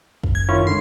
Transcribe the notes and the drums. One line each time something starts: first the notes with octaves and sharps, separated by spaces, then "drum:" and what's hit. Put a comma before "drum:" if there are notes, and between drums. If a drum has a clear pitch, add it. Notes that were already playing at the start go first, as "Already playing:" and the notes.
F#2, drum: kick
G#6
D#3 C#4 E4 F4
D3 G#3 C6